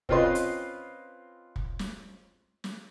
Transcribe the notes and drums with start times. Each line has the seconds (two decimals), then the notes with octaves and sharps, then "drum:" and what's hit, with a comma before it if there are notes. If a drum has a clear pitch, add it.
0.09 C4 C#4 F4 B4 D#5 C6, drum: kick
0.35 drum: hi-hat
1.56 drum: kick
1.79 drum: snare
2.64 drum: snare